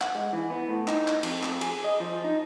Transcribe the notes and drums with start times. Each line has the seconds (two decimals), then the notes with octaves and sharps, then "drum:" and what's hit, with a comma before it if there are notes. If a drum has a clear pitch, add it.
0.01 F#5, drum: clap
0.15 G#3
0.33 E3
0.50 B3
0.69 A2
0.88 D#4, drum: clap
1.08 drum: clap
1.23 F2, drum: cymbal
1.43 drum: clap
1.61 G#4, drum: cymbal
1.84 D#5
2.00 F3
2.24 D#4